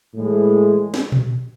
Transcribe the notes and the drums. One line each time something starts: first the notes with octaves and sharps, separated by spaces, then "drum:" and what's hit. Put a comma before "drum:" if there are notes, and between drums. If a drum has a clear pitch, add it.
A2 E3 G#3
drum: snare
drum: tom A#2